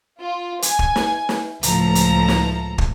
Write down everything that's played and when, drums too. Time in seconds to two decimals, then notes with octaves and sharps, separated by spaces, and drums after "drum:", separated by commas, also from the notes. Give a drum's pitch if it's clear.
0.20 F4
0.62 G#5, drum: hi-hat
0.79 drum: kick
0.96 drum: snare
1.29 drum: snare
1.63 C#2 A2 F3 A4 A#5, drum: hi-hat
1.95 drum: hi-hat
2.28 drum: snare
2.78 drum: kick